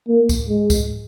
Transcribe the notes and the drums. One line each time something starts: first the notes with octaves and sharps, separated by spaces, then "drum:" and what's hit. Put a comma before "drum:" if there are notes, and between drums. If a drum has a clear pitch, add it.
A#3
drum: kick, tambourine
G#3
drum: kick, tambourine